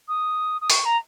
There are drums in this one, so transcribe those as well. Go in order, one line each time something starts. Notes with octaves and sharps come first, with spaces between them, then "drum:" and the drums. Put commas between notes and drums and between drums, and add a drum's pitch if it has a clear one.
D#6
D#6
C#6, drum: open hi-hat
A#5